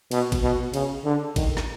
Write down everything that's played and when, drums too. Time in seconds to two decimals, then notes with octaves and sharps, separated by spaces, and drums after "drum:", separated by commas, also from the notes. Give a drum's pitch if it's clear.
0.11 B2, drum: cymbal
0.32 drum: kick G#1, cymbal
0.42 B2
0.74 C#3, drum: cymbal
1.05 D3
1.36 D#3, drum: kick G#1, cymbal
1.57 drum: snare